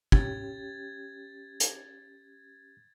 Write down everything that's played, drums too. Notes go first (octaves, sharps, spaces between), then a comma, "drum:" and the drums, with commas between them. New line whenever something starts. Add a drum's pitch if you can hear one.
C#4 G4 G#6 A6, drum: kick
drum: hi-hat